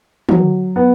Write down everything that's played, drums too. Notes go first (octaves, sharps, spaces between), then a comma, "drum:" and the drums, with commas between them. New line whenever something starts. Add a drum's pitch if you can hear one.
F#3, drum: tom
B3